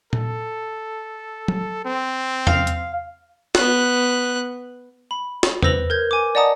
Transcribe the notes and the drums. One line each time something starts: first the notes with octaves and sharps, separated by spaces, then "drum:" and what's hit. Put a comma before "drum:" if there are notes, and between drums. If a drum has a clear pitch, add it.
A4, drum: tom A#2
drum: tom F#3
C4
F5, drum: tom E2
drum: hi-hat
B3 F#6, drum: snare
B5
drum: snare
B4 C5 E6 A#6 F7 F#7, drum: tom E2
A#4 G6 G#6
G#5 D6
D5 D#5 F#5 A5 A#5 D#6